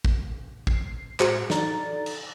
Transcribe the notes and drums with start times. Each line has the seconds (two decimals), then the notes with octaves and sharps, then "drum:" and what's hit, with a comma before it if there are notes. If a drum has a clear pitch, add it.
0.05 drum: kick
0.67 C7, drum: kick
1.20 A2 G#3 F#4 G#4 C5 C#7, drum: clap
1.50 D#4 A4 D5 A#5 A6, drum: snare
2.06 drum: cymbal